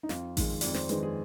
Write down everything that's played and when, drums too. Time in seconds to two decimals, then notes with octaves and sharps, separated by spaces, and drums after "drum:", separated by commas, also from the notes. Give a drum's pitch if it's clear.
0.03 D#4
0.09 F2 F4, drum: snare
0.37 D#3 G#3, drum: kick A1, open hi-hat
0.61 F2 D5, drum: open hi-hat
0.74 C5, drum: snare
0.89 D#3 G#3 B4, drum: hi-hat
1.03 G#4